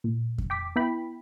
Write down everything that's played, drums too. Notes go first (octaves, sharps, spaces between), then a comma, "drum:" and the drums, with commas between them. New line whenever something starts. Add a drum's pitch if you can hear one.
A#2
drum: kick F2
G5 D6 B6
B3 E4 G5 B5